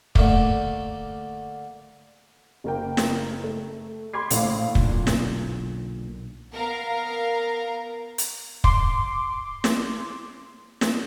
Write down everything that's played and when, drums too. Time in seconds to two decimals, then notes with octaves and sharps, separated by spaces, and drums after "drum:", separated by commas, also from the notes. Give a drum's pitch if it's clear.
0.15 D3 A3 A#3, drum: kick
2.64 F#1 A#3 G5
2.97 drum: snare
3.44 A3
4.14 B5 C6 D6 G#6 C7
4.30 A#1 A2 F5, drum: hi-hat
4.75 B1 A#2 D3, drum: kick
5.07 drum: snare
6.53 B3 A#4 F5 A#5
8.18 drum: hi-hat
8.64 C6 D6, drum: kick
9.64 drum: snare
10.81 drum: snare